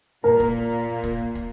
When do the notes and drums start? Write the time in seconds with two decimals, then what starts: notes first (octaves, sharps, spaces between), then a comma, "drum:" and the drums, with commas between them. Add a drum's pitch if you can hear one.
0.24 A#2 A#3 A#4
0.40 drum: kick
1.03 drum: kick
1.35 drum: kick